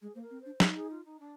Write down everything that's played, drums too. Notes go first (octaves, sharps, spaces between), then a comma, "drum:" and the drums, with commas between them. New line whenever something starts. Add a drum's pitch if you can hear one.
G#3 G#4
A#3 C5
A#4
C4
C5
D4
D#4, drum: snare
G#4
F4
D#4
D4